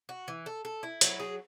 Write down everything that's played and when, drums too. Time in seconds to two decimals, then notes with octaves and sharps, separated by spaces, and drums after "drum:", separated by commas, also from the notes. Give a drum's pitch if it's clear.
0.09 F#4
0.28 E3
0.46 A4
0.65 A4
0.83 E4
1.01 F#3, drum: hi-hat
1.20 G#4